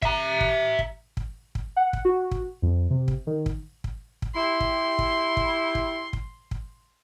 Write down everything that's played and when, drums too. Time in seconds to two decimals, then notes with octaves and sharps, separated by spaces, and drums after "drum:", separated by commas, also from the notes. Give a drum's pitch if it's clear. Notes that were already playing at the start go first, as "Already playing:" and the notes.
0.02 E5 A#5, drum: kick
0.41 drum: kick
0.79 drum: kick
1.17 drum: kick
1.55 drum: kick
1.76 F#5
1.93 drum: kick
2.05 F#4
2.31 drum: kick
2.62 F2
2.90 C3
3.08 drum: kick
3.27 D#3
3.46 drum: kick
3.84 drum: kick
4.22 drum: kick
4.35 E4 G4 C6
4.60 drum: kick
4.99 drum: kick
5.37 drum: kick
5.75 drum: kick
6.13 drum: kick
6.51 drum: kick